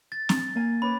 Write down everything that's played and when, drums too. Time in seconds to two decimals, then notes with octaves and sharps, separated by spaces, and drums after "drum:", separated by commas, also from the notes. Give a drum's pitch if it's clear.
0.12 A6
0.29 drum: snare C4
0.55 A#3 G#5
0.82 C#4 B4 B5 D6